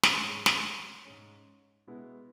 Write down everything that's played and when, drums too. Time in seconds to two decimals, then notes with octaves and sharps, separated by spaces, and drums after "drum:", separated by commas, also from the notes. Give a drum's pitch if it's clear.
0.03 drum: snare
0.23 G#2 G#3 C#4
0.46 drum: snare
1.05 G#2 G#3 C#4
1.87 B2 G#3 B3 E4